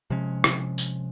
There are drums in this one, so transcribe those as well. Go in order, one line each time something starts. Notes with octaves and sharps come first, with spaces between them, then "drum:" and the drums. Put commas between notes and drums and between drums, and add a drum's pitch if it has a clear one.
C3 F3 G#3 C#4
drum: rim click
drum: tambourine